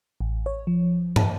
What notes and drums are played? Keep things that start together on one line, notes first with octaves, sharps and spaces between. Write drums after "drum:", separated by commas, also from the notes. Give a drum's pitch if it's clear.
A1
C#5
F3
A5, drum: tom